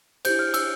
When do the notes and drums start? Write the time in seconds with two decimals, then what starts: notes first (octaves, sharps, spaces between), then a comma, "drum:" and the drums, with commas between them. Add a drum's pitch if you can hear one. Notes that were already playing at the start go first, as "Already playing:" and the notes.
0.25 E4 G4 C5 G6, drum: cymbal
0.39 F6
0.54 E6, drum: cymbal